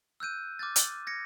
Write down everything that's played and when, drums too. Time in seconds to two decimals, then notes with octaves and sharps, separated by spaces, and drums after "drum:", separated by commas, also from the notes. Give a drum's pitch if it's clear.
0.20 E6 F#6 G6 D#7
0.59 D6 F6 G6 A6
0.76 drum: hi-hat
1.07 G#6 A#6 C#7